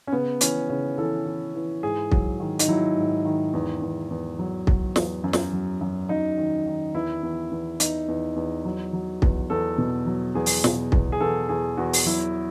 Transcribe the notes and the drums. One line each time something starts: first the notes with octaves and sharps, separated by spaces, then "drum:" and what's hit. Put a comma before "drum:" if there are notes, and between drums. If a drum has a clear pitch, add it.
C#4
C#3 B3
E3 C#4, drum: hi-hat
C#3 C#4
E3 A4
E3
E3
G#2 G#4
F#3, drum: kick
D#3
D#4, drum: hi-hat
F#3 E4
G#2
D#3
E2
E2
E2
F#3
F#3, drum: kick
E2, drum: snare
F#2
drum: snare
F#3
F#2
F#2 D#4
D#3
D#3
E2 E4
E2
E2
E2 D#4, drum: hi-hat
E2
E2
F#3
F#3
E2, drum: kick
E2 A4
B2
F#3
E2 G#4
drum: open hi-hat
B2, drum: snare
E2, drum: kick
G#4
E2 A4
E2 G#4
E2 F#4
drum: open hi-hat
F#3 E4